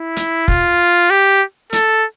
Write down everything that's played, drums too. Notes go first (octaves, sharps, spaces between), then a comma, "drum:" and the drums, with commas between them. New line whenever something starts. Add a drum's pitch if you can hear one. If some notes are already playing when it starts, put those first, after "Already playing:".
Already playing: E4
drum: hi-hat
F4, drum: kick
G4
A4, drum: hi-hat